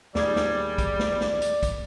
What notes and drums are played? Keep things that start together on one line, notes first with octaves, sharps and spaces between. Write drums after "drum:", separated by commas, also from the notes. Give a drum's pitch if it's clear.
D#2 G3 G#4 D5 G#6, drum: snare
drum: snare
drum: kick, hi-hat
drum: snare
drum: snare
drum: hi-hat
drum: kick, hi-hat